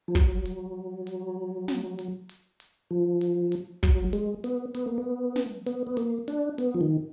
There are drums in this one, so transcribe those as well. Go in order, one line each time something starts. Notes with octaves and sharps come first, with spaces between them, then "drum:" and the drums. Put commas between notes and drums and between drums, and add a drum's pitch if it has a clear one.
F3
F#3, drum: kick, hi-hat
drum: hi-hat
drum: hi-hat
drum: snare
drum: hi-hat
drum: hi-hat
drum: hi-hat
F3
drum: hi-hat
drum: hi-hat
F#3, drum: kick, hi-hat
G#3, drum: hi-hat
B3, drum: hi-hat
B3, drum: hi-hat
A#3
B3
drum: snare
B3, drum: hi-hat
B3
A#3, drum: hi-hat
D4, drum: hi-hat
B3, drum: hi-hat
F3
D#3